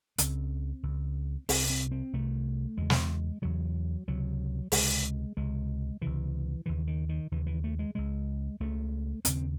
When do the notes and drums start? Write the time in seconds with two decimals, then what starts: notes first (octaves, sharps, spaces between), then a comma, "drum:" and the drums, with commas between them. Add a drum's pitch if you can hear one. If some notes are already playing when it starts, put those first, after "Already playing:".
0.18 C#2 C#3 C4, drum: hi-hat
0.83 C#2
0.88 C#3
1.49 C2 C3 C4, drum: open hi-hat
1.70 C4
1.91 C4
2.13 C2 C3 A3
2.77 E2 C#3 G#3
2.90 drum: snare
3.42 E2 C#3 F#3
4.08 C#2 C3 F#3
4.72 C#2 C3 G#3, drum: open hi-hat
5.37 C#2 C3 G#3
6.02 C#2 C3 E3
6.66 D#2 C#3 E3
6.87 D#3
7.09 D#3
7.31 D#2 C#3 E3
7.47 E3
7.64 A3
7.79 G#3
7.95 C#2 C#3 G#3
8.60 C#2 C#3 A3
9.25 D#2 C#3 C4, drum: hi-hat